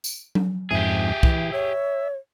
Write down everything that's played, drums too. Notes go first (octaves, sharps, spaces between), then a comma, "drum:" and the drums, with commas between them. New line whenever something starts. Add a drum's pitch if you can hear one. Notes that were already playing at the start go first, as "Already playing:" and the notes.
drum: tambourine
drum: tom F#3
F2 G#2 G4 G#4 E5
E3, drum: kick
C#5 E5